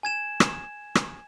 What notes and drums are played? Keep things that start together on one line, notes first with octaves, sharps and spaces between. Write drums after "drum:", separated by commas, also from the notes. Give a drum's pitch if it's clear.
G#5 G#6 E7
drum: rim click
drum: rim click